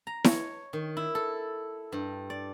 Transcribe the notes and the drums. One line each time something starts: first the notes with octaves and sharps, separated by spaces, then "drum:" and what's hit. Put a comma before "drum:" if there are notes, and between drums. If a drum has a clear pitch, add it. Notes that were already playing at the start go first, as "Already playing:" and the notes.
A#5
C#5, drum: snare E4
D#3
E4
A4
G2
D5